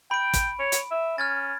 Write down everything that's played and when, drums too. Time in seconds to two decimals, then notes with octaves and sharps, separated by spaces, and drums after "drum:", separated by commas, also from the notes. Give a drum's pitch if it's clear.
0.11 G5 B5 D7
0.34 drum: kick, hi-hat
0.59 C#5
0.72 drum: hi-hat
0.91 E5
1.18 C#4 F6 G#6 A6